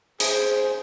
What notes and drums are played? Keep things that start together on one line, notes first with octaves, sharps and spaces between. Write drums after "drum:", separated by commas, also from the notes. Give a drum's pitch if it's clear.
G#4 C5, drum: hi-hat